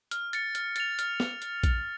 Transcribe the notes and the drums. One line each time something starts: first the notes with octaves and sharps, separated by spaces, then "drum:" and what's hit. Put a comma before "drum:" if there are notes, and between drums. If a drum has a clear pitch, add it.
F6, drum: hi-hat
A6 C#7, drum: hi-hat
F6, drum: hi-hat
A6 C#7 F7, drum: hi-hat
F6, drum: hi-hat
drum: snare
drum: hi-hat
drum: kick A#1, hi-hat